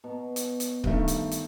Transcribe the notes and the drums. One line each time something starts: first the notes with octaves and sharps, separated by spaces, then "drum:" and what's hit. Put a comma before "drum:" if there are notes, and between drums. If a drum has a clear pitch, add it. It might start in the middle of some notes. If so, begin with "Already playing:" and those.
B2
drum: hi-hat
drum: hi-hat
G2 D#3 A3, drum: kick C#1
drum: hi-hat
drum: hi-hat